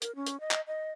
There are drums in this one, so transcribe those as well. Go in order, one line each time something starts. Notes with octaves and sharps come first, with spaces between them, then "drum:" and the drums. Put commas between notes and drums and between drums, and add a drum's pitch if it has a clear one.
A#4, drum: hi-hat
C#4
drum: hi-hat
D#5
drum: clap
D#5